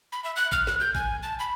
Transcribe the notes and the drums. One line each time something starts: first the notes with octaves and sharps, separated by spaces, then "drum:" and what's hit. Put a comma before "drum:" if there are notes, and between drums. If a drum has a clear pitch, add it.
B5
E5
F#6
F6, drum: kick A1
F#6, drum: snare
G6
G#5, drum: kick A1
A5
B5